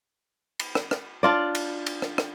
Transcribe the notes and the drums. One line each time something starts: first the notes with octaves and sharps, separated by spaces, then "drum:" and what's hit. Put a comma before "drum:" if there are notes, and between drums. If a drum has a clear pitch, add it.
drum: cymbal
drum: rim click
drum: rim click
D4 F4 D5
drum: cymbal
drum: cymbal
drum: rim click
drum: rim click